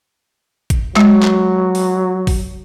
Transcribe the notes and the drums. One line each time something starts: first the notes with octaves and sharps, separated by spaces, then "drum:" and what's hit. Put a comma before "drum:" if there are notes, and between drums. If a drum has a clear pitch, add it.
drum: kick, hi-hat
F#3 G#3, drum: clap
drum: clap
drum: open hi-hat
drum: kick, open hi-hat